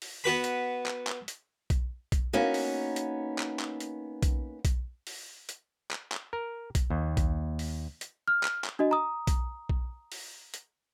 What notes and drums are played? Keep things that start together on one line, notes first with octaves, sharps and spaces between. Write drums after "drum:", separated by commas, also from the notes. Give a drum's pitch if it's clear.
drum: open hi-hat
B3 F#4 B4 B5
drum: hi-hat
drum: clap
drum: clap
drum: hi-hat
drum: kick B1, hi-hat
drum: kick B1, hi-hat
A#3 B3 C#4 D#4 F#4
drum: open hi-hat
drum: hi-hat
drum: clap
drum: clap
drum: hi-hat
drum: kick B1, hi-hat
drum: kick B1, hi-hat
drum: open hi-hat
drum: hi-hat
drum: clap
drum: clap
A#4
drum: kick B1, hi-hat
D#2
drum: kick B1, hi-hat
drum: open hi-hat
drum: hi-hat
F6
drum: clap
drum: clap
D4 F#4 D#5
A#5 D#6
drum: kick B1, hi-hat
drum: kick B1
drum: open hi-hat
drum: hi-hat